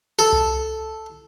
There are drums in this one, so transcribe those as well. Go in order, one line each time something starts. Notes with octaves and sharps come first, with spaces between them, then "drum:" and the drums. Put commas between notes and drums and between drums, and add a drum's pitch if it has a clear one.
A4
drum: tom C2